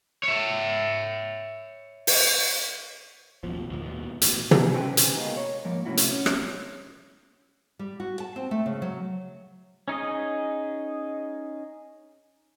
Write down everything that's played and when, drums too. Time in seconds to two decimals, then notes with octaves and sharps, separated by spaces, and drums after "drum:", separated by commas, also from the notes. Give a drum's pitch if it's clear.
0.23 C#5 E5
2.07 drum: open hi-hat
3.43 D#1 A1 B2 F3
3.70 D2 A#2
3.82 D#2 B2
4.22 A1 B2, drum: hi-hat
4.51 drum: tom
4.74 C#4 G4 B4 C5 G5 G#5
4.97 drum: hi-hat
5.16 B2 G#3 A#3 D#4
5.37 C#5
5.65 G#2 F3 A#3
5.85 A2 C3 C#4 E4 F#4
5.97 drum: hi-hat
6.10 C#4
6.26 drum: rim click
7.79 G3
8.00 F#4
8.20 A5
8.36 C4
8.51 A3
8.66 C#3
8.82 F#3
9.88 C#4 D#4 G#4 D#5